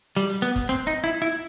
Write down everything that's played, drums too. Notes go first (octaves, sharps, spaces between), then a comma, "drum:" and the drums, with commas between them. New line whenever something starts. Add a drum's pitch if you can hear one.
G3, drum: hi-hat
drum: hi-hat
B3
drum: kick, hi-hat
C4, drum: hi-hat
D#4
E4
E4